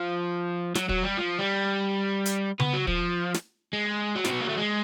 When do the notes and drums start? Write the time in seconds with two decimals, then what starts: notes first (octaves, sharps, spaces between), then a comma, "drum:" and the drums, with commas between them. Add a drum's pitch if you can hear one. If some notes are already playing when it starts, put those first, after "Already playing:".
Already playing: F3
0.75 F#3, drum: snare
0.89 F#3, drum: kick
1.03 G3
1.17 F3
1.39 G3
2.26 drum: hi-hat
2.60 B3, drum: tom C#3
2.73 F#3
2.87 F3, drum: kick
3.34 drum: snare
3.73 G#3
4.16 F#3
4.25 C4, drum: snare
4.33 B3
4.41 A#3
4.49 A3
4.58 G#3